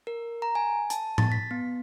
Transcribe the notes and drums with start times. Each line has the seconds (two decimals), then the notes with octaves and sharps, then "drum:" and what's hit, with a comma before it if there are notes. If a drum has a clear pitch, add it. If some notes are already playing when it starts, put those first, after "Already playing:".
0.07 A#4
0.42 A#5
0.55 G#5
0.90 A5, drum: hi-hat
1.18 A6, drum: tom A2
1.32 B6
1.51 B3